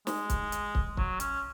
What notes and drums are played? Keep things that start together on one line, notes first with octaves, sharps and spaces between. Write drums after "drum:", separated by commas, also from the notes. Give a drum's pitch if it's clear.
G#3, drum: snare
drum: kick, hi-hat
drum: hi-hat
drum: kick
F#3, drum: kick
C#4, drum: hi-hat